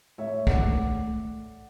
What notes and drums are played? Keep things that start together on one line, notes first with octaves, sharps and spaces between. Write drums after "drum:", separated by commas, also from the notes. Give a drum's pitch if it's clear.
A2 C#5 E5
A2 D5 F#5, drum: kick
A2